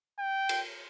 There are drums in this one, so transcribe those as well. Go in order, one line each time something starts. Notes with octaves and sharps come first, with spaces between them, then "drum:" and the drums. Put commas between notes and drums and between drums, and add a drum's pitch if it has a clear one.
G5
drum: cymbal